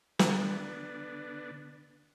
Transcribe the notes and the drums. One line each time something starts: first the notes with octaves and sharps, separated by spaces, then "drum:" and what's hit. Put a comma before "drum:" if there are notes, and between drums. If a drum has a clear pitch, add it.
D3 B3 D4, drum: snare